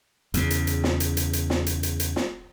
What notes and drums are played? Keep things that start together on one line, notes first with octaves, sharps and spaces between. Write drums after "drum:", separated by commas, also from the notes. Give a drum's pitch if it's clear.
E2 C#3, drum: hi-hat
drum: hi-hat
drum: hi-hat
drum: snare
drum: hi-hat
drum: hi-hat
drum: hi-hat
drum: snare
drum: hi-hat
drum: hi-hat
drum: hi-hat
drum: snare